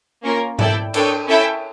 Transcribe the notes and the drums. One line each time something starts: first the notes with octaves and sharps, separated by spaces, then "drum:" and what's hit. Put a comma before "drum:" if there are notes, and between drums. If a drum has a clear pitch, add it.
A#3 C#4 F4 A#4
E4 A4 D5 G5, drum: tom G#2
D4 A4 C#5 G5, drum: cymbal
C#4 E4 A4 E5 G5